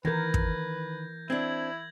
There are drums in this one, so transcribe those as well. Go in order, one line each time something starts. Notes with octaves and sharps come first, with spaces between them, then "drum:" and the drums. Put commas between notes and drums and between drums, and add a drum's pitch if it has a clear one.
D#3 E3 A#4 B4 G6 G#6 A#6
drum: kick
C4 D4 E4 G#6 F#7